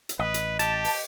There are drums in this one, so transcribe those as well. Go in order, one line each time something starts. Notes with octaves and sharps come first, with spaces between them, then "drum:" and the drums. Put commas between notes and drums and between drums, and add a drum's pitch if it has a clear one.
drum: hi-hat
A1 B4 D#5
drum: hi-hat
G4 A5, drum: hi-hat
drum: open hi-hat